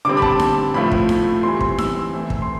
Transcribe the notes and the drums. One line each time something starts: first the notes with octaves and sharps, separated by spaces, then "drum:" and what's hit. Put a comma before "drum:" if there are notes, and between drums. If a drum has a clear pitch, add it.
D3 G3 C4 D6
B5
A5, drum: kick
drum: snare D#4
A2 F3 A3 B5
drum: kick
drum: snare D#4
E3 G3 C4 C6
C6, drum: kick
E6, drum: snare D#4
E3 A3 C4
drum: kick
C6